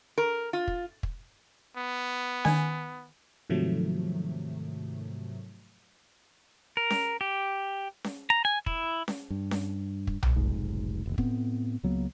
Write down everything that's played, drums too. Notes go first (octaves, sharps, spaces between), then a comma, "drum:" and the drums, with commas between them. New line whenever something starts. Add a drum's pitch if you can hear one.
A#4
F4
drum: kick
drum: kick
B3
D#3 G#5, drum: snare C#4
G#2 C3 D#3 F3 F#3 A3
A#4
drum: snare C#4
G4
drum: snare C#4
A#5
G#5
E4, drum: kick
drum: snare C#4
G2
drum: snare C#4
drum: kick
drum: tom B1
F1 B1 G#2
F1 D#2
A2 B3 C4, drum: kick
C#2 F#3 A#3 B3